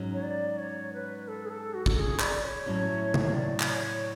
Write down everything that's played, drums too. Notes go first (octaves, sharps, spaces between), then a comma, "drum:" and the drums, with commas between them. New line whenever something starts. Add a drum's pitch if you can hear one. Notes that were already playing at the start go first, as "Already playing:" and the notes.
Already playing: G#2 F#3 C#4
C#5
D5
C#5
B4
A4
G#4
A4
F#4
A4, drum: kick
G#4
D5, drum: clap
C#5
A2 F#3 C#4 E4
drum: tom C3
D5
D5, drum: clap
C#5